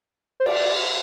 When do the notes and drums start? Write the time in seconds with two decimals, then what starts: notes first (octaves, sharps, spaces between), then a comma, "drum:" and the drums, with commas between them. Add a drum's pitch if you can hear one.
0.40 C5
0.46 D5, drum: cymbal